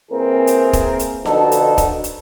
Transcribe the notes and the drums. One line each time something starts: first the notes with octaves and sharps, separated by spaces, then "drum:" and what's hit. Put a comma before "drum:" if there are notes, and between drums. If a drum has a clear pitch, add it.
E3 A#3 C4 G#4 A#4
drum: hi-hat
drum: kick, hi-hat
drum: hi-hat
B2 D3 F3 D#4 F#4 A4, drum: snare D#4
drum: hi-hat
drum: kick, hi-hat
drum: hi-hat